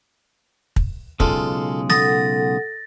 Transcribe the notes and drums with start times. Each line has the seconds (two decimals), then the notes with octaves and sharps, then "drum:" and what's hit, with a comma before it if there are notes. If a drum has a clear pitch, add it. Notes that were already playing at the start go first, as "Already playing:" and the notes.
0.76 drum: kick
1.20 B1 C#3 G#3 F4 A4, drum: kick
1.90 A4 F#5 D#6 A6 A#6, drum: snare